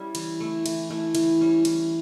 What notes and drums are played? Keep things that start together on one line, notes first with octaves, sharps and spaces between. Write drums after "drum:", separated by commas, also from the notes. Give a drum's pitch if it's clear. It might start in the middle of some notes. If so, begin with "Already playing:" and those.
Already playing: G3 C#4 E4
E3, drum: cymbal
A3 E4
E3, drum: cymbal
A3 E4
E3, drum: cymbal
G3 C#4
E3, drum: cymbal